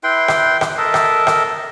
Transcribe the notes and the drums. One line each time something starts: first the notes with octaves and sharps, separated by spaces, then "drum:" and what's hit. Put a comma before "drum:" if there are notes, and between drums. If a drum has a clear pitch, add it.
E4 B4 G5 C6
drum: rim click
drum: rim click
A4 A#4 D#5 E5
drum: rim click
drum: rim click